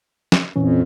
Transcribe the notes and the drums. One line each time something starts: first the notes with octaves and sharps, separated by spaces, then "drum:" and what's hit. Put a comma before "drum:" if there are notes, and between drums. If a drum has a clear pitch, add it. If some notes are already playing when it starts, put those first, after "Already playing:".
drum: snare
F2 A#2 E3 C#4